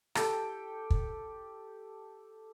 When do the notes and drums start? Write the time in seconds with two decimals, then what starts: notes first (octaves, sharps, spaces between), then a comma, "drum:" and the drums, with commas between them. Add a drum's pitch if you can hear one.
0.15 G4 A4 G5, drum: rim click
0.90 drum: kick